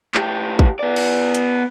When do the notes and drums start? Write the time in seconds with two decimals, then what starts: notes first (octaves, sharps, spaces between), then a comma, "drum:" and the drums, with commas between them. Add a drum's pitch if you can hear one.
0.15 A2 G4, drum: clap
0.59 drum: kick
0.79 B3 D5
0.96 drum: cymbal
1.35 drum: hi-hat